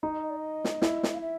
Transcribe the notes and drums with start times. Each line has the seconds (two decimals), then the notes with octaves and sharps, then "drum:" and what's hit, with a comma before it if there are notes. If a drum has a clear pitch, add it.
0.03 D#4 D#5
0.22 D#5
0.30 D5
0.37 D#5
0.64 drum: snare
0.82 E4, drum: snare
1.03 drum: snare
1.14 F5
1.21 E5